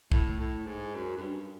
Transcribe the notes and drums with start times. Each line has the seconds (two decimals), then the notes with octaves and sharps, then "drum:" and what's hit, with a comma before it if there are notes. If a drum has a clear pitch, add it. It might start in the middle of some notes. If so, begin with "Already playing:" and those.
0.12 A2, drum: kick
0.40 A2
0.67 G#2
0.95 F#2
1.17 F#2
1.21 G2